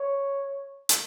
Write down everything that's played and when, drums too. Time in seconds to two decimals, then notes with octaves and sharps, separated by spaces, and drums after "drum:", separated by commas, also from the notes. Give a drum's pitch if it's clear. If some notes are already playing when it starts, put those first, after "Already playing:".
Already playing: C#5
0.89 drum: hi-hat